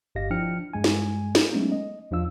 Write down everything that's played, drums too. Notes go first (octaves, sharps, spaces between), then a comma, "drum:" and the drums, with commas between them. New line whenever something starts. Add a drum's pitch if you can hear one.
G1 G2 G4 D#5 F5 A#6
F3 D4 E4 G5 F6 C#7
G2 G#3 G#5
drum: snare
drum: snare
F#3 G#3 A3 B3 C#4 D#4
D#5
E2 F3 D4 F4 F5 E6